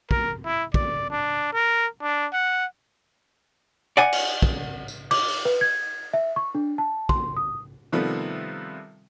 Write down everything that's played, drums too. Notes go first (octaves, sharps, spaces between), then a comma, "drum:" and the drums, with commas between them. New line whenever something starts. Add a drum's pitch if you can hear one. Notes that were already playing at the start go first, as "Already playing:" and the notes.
A#4, drum: kick
E4
D5, drum: kick
D4
A#4
D4
F#5
D5 F#5 G#5
drum: cymbal
drum: kick
drum: tambourine
D6, drum: cymbal
drum: open hi-hat
B4
G#6
E5
C#6
D4
A5
C6, drum: kick
D#6
C3 D#3 F3 G3 A3 B3